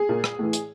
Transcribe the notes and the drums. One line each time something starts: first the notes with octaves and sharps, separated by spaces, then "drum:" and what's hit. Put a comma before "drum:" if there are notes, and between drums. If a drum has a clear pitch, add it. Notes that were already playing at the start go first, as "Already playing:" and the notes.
Already playing: G#4
A#2
drum: rim click
A2 E3
drum: hi-hat